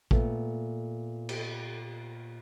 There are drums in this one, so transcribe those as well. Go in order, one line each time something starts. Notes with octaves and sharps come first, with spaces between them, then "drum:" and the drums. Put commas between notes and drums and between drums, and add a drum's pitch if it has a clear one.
A#2 A3 B3, drum: kick A1
drum: cymbal